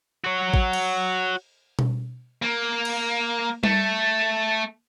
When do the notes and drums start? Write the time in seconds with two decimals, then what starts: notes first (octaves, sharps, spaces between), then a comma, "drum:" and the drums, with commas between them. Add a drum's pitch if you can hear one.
0.24 F#4 C#5
0.54 drum: kick A1
0.73 drum: cymbal
1.79 drum: tom B2
2.42 A#3
2.85 drum: cymbal
3.64 A3, drum: tom G3